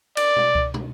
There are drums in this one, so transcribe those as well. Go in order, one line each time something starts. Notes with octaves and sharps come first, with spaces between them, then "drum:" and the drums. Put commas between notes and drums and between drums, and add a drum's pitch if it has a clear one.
D5, drum: cymbal
drum: tom
drum: kick C#2
drum: tom